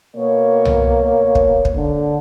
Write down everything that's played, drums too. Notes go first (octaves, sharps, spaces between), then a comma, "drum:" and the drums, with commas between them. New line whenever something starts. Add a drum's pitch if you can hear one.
B2 A#3 C#5
drum: tom C2
drum: kick
drum: kick
D3